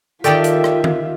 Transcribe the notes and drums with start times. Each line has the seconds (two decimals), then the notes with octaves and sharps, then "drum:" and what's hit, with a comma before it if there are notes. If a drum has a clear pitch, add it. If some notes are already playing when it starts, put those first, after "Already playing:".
0.24 D#3 F4 G4 A4 D5 E5 G5, drum: hi-hat
0.44 drum: hi-hat
0.64 drum: rim click
0.84 drum: tom D#3